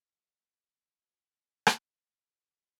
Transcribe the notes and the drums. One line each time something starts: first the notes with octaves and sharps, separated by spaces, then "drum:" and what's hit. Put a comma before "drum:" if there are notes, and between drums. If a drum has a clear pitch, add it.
F3 F#3 C5
B3 D4 D#4 F#4 G#4 D5
drum: rim click